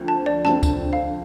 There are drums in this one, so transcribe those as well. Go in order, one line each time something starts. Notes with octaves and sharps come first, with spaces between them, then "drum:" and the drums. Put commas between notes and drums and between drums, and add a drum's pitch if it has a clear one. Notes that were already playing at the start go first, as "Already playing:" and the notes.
Already playing: D2 D3 F3 C4
A5
D5
D2 D3 F3 C4 A5, drum: rim click
drum: kick C#2, tambourine
F5